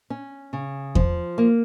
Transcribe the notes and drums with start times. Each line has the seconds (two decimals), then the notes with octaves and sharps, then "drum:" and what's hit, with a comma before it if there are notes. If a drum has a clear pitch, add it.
0.10 C#4
0.53 C#3
0.95 F3, drum: kick E2
1.38 A#3